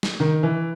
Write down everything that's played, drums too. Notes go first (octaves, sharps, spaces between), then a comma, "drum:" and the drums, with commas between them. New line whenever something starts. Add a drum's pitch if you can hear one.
drum: snare
D#3
E3